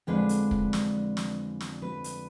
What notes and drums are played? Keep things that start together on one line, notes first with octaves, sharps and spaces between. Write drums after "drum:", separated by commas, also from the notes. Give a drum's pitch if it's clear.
F2 D3 G#3 D4 B4
drum: hi-hat
drum: kick
drum: snare
drum: snare
drum: snare
B4
drum: hi-hat